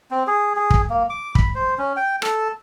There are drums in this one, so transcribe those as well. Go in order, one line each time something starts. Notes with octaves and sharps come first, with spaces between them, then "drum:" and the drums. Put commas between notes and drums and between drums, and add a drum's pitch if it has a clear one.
C4
G#4
G#4
drum: kick
A#3
D6
B5, drum: kick
C5
C#4
G5
A4, drum: rim click